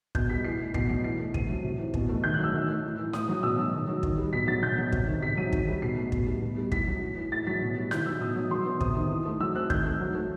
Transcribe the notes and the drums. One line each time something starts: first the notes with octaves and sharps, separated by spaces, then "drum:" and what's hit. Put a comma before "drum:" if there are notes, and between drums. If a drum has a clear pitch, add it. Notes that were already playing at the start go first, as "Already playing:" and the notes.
B2 G6, drum: kick
G3 B6
E3 C7
A3
B2 C7, drum: kick
F#3 C7
E3 C7
A3
C3 D#7, drum: kick
F#3
C3
E3
B2, drum: kick
A3
D#3 G6
F#6
F#3
E6
D#3
A3
A2
E3
A2 D#6, drum: snare E4
F#3
B2 E6
F#3
D#3
F#3
D#3, drum: kick
G3
B2 B6
F#3 A6
B2 G6
F#3
C3, drum: kick
D#3
C3 B6
F#3 D#7
D#3, drum: kick
G3
B2 C7
A3
B2, drum: kick
G3
B2
G3
A2 B6, drum: kick
F#3
A2
E3
A2 A6
F#3 B6
B2
G3
D#3 G6, drum: snare E4
F#3 E6
B2 D#6
F#3
F#3 C6
B3
C3 D#6, drum: kick
D#3
E3
A3
F#3 E6
C4 F#6
D#3 G6, drum: kick
A3
F#3
A3